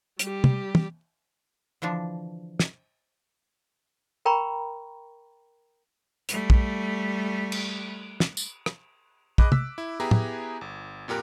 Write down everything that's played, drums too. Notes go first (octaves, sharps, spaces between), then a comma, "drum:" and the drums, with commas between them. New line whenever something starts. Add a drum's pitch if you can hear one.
G3 G4, drum: hi-hat
drum: tom
drum: tom
D3 E3 F3 D4
drum: snare
A#4 G5 A#5 B5 C#6
G3 A3, drum: hi-hat
drum: kick
drum: cymbal
drum: snare
drum: tambourine
drum: rim click
G#4 D#5 B5 D6 F#6, drum: kick
E6 B6, drum: tom
E4
B3 E4 G4 G#4 G#5 A#5
drum: tom
G1
F2 A#2 G4 A#4 F#6